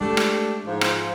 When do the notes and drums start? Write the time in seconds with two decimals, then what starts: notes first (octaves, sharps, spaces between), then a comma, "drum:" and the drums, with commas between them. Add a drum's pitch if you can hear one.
0.01 G#3 A3 D4 G4
0.17 drum: rim click
0.66 G#2 F3 F4
0.81 drum: rim click